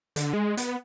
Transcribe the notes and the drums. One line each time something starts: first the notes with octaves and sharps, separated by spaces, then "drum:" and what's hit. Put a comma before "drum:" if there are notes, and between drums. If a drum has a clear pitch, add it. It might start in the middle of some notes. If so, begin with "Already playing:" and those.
D3, drum: hi-hat
G#3
B3, drum: hi-hat